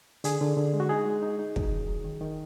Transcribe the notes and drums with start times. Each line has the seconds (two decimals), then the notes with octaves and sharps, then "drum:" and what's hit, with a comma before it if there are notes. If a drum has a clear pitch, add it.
0.24 D3 G#4, drum: hi-hat
0.41 D3
0.57 D3
0.74 G#3
0.80 F#4
0.89 D#4 G#4
1.06 G#3
1.22 D#4
1.39 D#4
1.56 F#3, drum: kick
1.71 D#3
1.88 F#3
2.04 D#3
2.21 D#3